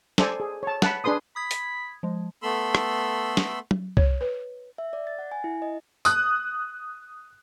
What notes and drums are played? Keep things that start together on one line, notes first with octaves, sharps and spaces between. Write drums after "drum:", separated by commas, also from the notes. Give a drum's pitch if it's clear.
A4 C5 D5 G#5, drum: snare
G#4
C#5 A5
F#5 A5 B5, drum: snare
D4 G#4 B4 C6 D#6
B5 D#6 G#6
drum: hi-hat
F3 G#3
A3 B3 A4 B5 C6 E6
drum: rim click
drum: snare
drum: tom
C#5, drum: kick C2
B4
E5
D5
A6
F#5
G#5
E4
D#5
D#6 F#6, drum: tambourine